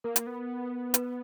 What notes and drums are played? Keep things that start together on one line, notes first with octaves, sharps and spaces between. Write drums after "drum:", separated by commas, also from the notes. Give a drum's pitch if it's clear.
A#3 A#4
drum: hi-hat
B3
B4, drum: hi-hat